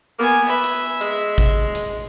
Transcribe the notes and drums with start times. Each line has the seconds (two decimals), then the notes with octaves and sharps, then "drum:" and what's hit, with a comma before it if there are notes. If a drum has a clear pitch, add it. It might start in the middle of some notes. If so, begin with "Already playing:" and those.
0.19 A#3 B3 G#5
0.49 B4 E5
0.64 drum: hi-hat
1.01 G#3, drum: hi-hat
1.38 drum: kick A1, hi-hat
1.75 drum: hi-hat